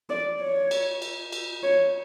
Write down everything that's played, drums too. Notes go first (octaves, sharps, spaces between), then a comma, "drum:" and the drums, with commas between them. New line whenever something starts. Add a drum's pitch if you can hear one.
D5
C#5
drum: cymbal
drum: cymbal
drum: cymbal
C#5